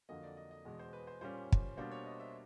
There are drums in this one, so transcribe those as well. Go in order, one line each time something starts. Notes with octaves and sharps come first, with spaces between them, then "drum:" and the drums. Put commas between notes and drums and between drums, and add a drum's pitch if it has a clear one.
F2 D3 F#3 A#3 D#5
D5
D#5
D#5
E2 B2 G#3
C5
B4
C5
A#2 G3 A#3 C#4 C5
drum: kick
B2 G3 A#3 D4 C5
C#5
D#5
E5